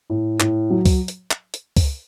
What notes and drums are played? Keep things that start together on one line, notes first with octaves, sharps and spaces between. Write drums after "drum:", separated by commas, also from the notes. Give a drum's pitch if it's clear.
A2
A2, drum: clap
F#3
drum: kick C#2, open hi-hat
drum: hi-hat
drum: clap
drum: hi-hat
drum: kick C#2, open hi-hat